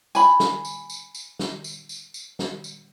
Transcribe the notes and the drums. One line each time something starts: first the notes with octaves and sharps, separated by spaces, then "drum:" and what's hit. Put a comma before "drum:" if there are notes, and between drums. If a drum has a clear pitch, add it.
G#5 B5, drum: tambourine
drum: snare
drum: tambourine
drum: tambourine
drum: tambourine
drum: snare
drum: tambourine
drum: tambourine
drum: tambourine
drum: snare
drum: tambourine